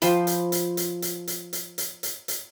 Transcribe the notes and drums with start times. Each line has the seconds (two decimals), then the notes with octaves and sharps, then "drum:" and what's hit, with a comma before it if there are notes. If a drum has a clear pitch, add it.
0.02 F3 C5 G5 B5, drum: hi-hat
0.27 drum: hi-hat
0.52 drum: hi-hat
0.77 drum: hi-hat
1.02 drum: hi-hat
1.27 drum: hi-hat
1.53 drum: hi-hat
1.78 drum: hi-hat
2.03 drum: hi-hat
2.28 drum: hi-hat